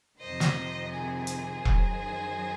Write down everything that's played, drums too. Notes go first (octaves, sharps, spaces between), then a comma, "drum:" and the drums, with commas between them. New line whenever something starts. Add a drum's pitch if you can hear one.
F2 C3 D#3 C5 D#5
drum: snare
G#4 C5
drum: hi-hat
F#2 D#3 F#3, drum: kick E1